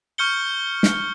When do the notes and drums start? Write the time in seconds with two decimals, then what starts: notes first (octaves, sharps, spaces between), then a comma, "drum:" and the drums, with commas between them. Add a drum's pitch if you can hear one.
0.18 C#6 F6 G6 C#7 G7
0.83 drum: snare